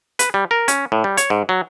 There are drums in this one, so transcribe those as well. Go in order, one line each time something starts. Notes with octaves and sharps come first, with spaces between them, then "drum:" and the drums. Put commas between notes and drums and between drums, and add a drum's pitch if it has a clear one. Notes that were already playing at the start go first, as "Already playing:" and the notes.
B4, drum: hi-hat
G3
A#4
C#4, drum: hi-hat
A2
G3
C#5, drum: hi-hat
G#2
F#3